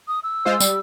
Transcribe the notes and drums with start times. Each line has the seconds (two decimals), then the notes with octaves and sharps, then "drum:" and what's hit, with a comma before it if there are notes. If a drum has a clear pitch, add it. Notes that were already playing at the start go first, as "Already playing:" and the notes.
0.08 D#6
0.23 E6
0.45 G#3 F4 C5
0.60 G3, drum: tambourine